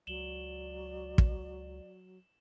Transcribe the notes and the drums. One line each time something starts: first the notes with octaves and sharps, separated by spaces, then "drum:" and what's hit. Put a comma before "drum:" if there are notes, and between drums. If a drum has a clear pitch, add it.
C#2 F#3 D5 E7 F#7 G7
drum: kick